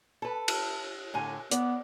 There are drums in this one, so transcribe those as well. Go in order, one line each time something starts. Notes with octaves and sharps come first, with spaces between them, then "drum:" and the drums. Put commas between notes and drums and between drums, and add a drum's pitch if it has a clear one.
A4 B4
drum: cymbal
A2 D3 G#5
B3 D5, drum: hi-hat